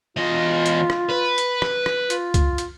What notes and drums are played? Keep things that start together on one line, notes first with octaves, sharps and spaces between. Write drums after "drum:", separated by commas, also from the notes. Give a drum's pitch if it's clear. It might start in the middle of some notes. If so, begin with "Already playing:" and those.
E2 F4 D#5
drum: hi-hat
drum: rim click
B4
drum: hi-hat
drum: rim click
drum: rim click
F4, drum: hi-hat
drum: kick, hi-hat
drum: hi-hat